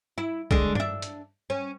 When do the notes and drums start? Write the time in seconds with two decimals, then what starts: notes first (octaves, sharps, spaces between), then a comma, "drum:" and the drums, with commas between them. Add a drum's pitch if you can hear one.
0.18 E4
0.51 D3 G#3, drum: kick
0.75 D4 E5, drum: tom G2
1.02 drum: hi-hat
1.50 C#4